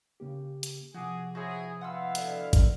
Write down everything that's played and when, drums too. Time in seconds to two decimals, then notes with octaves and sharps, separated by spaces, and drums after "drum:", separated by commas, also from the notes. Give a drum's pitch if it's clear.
0.20 C#3 A#3 G4
0.63 drum: hi-hat
0.94 C3 F3 F#4 G#4 D6
1.35 E4 F#4 G#4 C5 C#5
1.81 B3 E4 F5 F#5 C6 E6
2.15 B2 D3, drum: hi-hat
2.53 drum: kick, hi-hat